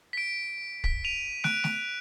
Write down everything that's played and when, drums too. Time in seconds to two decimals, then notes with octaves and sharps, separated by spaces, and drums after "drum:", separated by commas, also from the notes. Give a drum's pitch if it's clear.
0.13 B6 D7
0.84 B6, drum: kick
1.04 D7 D#7 F7
1.44 F#6 D7, drum: snare
1.64 drum: snare